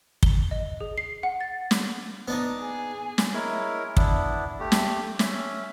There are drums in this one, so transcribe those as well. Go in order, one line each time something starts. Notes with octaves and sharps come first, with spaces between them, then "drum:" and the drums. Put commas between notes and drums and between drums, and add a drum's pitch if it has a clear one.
G7, drum: kick
D#5
G#4
C7
F#5
A6
drum: snare
B3 D4 D#4
G#4
drum: snare
G#3 E4 A#4 C#5
B3 D4 E4, drum: kick
A3 G4
drum: snare
C#4 E5, drum: snare